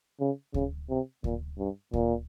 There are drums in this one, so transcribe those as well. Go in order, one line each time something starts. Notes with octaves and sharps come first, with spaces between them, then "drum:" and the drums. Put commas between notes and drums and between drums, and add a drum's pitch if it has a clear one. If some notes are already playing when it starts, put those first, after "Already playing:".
C#3
C#3, drum: kick D2
C3
A#2, drum: kick D2
G2
A#2, drum: kick D2